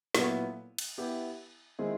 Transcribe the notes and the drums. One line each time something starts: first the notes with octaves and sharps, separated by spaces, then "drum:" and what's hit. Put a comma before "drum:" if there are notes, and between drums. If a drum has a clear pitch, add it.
A#2 F#3 B3 E4 A4, drum: snare
drum: cymbal
B3 E4 G4
D#3 G#3 C4 E4 G#4